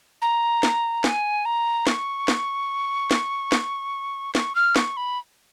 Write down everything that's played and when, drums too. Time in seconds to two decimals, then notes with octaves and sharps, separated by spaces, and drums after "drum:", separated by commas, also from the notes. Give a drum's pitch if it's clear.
0.22 A#5
0.63 drum: snare
1.04 G#5, drum: snare
1.45 A#5
1.87 C#6, drum: snare
2.28 drum: snare
3.11 drum: snare
3.52 drum: snare
4.35 C#6, drum: snare
4.55 F6
4.76 C#6, drum: snare
4.97 B5